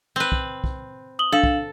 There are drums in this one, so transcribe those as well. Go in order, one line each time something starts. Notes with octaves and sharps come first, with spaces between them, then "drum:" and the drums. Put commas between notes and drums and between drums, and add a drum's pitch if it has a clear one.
C4 B4
drum: kick
drum: kick
D#6 F#7 G7
D4 A4 F5 F#7
drum: kick